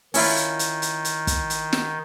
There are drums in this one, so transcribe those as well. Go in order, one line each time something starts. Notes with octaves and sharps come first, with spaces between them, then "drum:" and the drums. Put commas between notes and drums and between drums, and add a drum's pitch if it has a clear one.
D#3 C#4 E4 F4, drum: open hi-hat
drum: hi-hat
drum: hi-hat
drum: hi-hat
drum: hi-hat
drum: kick, hi-hat
drum: hi-hat
drum: snare